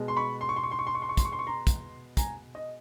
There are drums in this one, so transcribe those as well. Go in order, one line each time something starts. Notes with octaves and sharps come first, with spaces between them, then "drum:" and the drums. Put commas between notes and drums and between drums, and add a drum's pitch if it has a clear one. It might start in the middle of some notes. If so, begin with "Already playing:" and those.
Already playing: B2 G#3
C6
B5 C#6
C6
C#6
C6
C#6
C6
C#6
C6
C#6
C6
C#6
C6, drum: kick, hi-hat
C#6
C6
C#6
A#5 C6
drum: kick, hi-hat
G#5 A#5, drum: kick, hi-hat
D#5